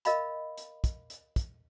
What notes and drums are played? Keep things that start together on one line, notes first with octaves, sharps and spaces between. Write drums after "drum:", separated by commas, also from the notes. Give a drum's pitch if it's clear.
A#4 D#5 F5 B5, drum: hi-hat
drum: hi-hat
drum: kick, hi-hat
drum: hi-hat
drum: kick, hi-hat